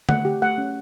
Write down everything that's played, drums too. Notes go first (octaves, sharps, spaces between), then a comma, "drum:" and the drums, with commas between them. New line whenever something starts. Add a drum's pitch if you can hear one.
A3 F#5, drum: tom D3
G4
A3 F#5
C#4